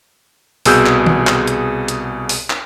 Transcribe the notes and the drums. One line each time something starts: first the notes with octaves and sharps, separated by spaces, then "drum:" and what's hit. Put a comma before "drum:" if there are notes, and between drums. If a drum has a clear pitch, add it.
C2 B2 G#4 E6 F#6 G6, drum: open hi-hat
drum: clap
drum: tom D#3
drum: clap
drum: hi-hat
drum: hi-hat
drum: open hi-hat
drum: clap